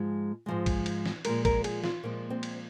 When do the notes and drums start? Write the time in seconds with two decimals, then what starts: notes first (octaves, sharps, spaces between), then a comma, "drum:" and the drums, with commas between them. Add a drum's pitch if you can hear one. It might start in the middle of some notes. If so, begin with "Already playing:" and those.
Already playing: G#2 F3 G#3
0.46 G#2 F3 G#3
0.66 drum: kick, cymbal
0.86 drum: cymbal
1.06 drum: snare
1.25 A#2 F3 G#3 A#4, drum: cymbal
1.45 A#4, drum: kick, cymbal
1.64 G#4, drum: cymbal
1.84 F4, drum: snare
2.03 A#2 F3 G#3 A#3
2.30 C4
2.43 drum: cymbal